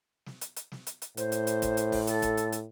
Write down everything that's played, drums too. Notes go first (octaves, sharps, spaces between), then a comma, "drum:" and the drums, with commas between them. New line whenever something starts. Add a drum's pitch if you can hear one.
drum: snare
drum: hi-hat
drum: hi-hat
drum: snare
drum: hi-hat
drum: hi-hat
A2 C5, drum: hi-hat
drum: hi-hat
drum: hi-hat
drum: kick, hi-hat
drum: hi-hat
drum: kick, open hi-hat
A4, drum: hi-hat
drum: kick, hi-hat
drum: hi-hat
drum: hi-hat